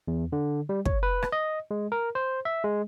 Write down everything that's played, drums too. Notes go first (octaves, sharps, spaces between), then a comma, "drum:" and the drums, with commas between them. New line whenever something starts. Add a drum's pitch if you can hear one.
E2
D3
G3
C#5, drum: kick
B4
drum: rim click
D#5
G#3
A#4
C5
E5
G#3